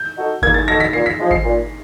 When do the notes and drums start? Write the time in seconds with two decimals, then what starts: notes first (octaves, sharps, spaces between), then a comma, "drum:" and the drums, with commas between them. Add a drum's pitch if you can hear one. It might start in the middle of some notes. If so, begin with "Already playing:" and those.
Already playing: G6
0.17 D#4 F#4 A4
0.42 A#3 G#6, drum: kick G#1
0.54 A6
0.68 D#4 F#4 A4 A#6
0.80 B6
0.93 A#2 C7
1.06 B6
1.19 F3 G#3
1.31 C7, drum: kick G#1
1.44 A#2